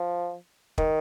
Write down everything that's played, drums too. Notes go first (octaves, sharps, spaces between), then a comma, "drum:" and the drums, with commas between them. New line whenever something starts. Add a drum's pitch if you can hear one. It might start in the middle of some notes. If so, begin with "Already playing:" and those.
Already playing: F3
D#3, drum: kick